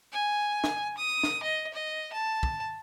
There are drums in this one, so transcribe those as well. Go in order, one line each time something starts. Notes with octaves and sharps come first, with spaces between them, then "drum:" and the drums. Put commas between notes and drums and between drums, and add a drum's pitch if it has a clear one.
G#5
drum: snare
D#6
drum: snare
D#5
D#5
A5
drum: kick